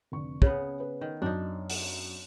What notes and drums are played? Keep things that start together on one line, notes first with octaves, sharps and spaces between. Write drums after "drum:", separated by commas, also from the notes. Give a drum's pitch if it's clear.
F1 D3 C#6
C#3 B3 G#4, drum: kick
B4
D#3
F#2 D4 D#4
drum: open hi-hat